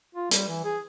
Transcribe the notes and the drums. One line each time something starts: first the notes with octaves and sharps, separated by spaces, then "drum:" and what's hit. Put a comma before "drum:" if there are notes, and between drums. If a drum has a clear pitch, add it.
F4
G3, drum: hi-hat
E3
G#4